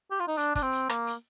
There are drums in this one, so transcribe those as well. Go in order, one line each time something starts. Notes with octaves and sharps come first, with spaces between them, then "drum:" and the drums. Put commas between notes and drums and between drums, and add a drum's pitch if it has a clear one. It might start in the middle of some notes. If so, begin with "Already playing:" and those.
G4
F4
D#4
D4, drum: hi-hat
D4, drum: kick, hi-hat
C4
drum: hi-hat
A#3, drum: rim click
drum: hi-hat